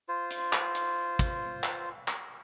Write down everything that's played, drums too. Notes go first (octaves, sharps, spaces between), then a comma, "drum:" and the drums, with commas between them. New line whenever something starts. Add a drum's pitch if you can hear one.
F4 C5
drum: hi-hat
drum: clap
drum: hi-hat
drum: kick, hi-hat
drum: clap
drum: clap